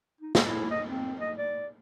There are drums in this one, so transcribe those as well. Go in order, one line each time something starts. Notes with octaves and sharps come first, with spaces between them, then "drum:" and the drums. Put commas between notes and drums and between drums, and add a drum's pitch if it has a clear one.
D#4
G#4, drum: snare
E4
D#5
C4
D#5
D5